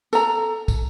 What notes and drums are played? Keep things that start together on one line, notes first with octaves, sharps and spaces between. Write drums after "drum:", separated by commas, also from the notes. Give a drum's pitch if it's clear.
A4 A#5, drum: tambourine
drum: kick, tambourine